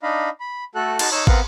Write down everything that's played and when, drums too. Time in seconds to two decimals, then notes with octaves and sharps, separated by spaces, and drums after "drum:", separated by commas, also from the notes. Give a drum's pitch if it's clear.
0.03 D4 D#4 D#5 F5 B5
0.40 B5
0.75 A3 F#4 A4 F#6
0.99 D#4 F#4 A5, drum: cymbal
1.12 D#4 C#5 E6
1.27 B3 C4 A#4 B4 F5 F#5, drum: kick